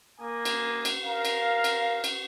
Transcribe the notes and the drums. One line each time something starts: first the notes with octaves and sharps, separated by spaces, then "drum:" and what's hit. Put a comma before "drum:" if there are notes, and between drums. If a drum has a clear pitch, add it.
A#3 G#5 D#6
drum: cymbal
drum: cymbal
A#4 F5
drum: cymbal
drum: cymbal
drum: cymbal